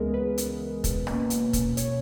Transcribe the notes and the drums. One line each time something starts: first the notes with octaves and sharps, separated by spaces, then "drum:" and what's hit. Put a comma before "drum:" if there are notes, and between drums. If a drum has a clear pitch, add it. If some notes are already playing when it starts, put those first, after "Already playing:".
Already playing: C#2 C#3 E3 G#3 B3 G#4 A#4
B4
drum: hi-hat
drum: kick, hi-hat
B2 A#3 C#4, drum: rim click
drum: hi-hat
drum: kick, hi-hat
C#5, drum: hi-hat